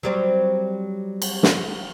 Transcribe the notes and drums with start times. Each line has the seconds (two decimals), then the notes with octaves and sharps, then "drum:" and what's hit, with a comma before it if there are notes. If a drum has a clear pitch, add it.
0.03 F#3 G3 C4
1.22 drum: cymbal
1.43 drum: snare